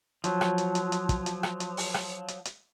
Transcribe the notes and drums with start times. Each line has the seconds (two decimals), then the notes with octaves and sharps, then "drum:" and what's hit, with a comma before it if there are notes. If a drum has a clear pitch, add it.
0.24 F3 F#3, drum: hi-hat
0.41 drum: rim click
0.58 drum: hi-hat
0.75 drum: hi-hat
0.92 drum: hi-hat
1.09 drum: kick, hi-hat
1.26 drum: hi-hat
1.43 drum: rim click
1.60 drum: hi-hat
1.77 drum: open hi-hat
1.94 drum: rim click
2.28 drum: hi-hat
2.45 drum: hi-hat